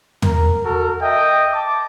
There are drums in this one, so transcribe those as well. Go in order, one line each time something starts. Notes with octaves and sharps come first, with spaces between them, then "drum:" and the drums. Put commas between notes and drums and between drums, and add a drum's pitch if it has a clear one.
A#4, drum: tom
F#4 A4 A#4
D#5 E5 G5
A5 D6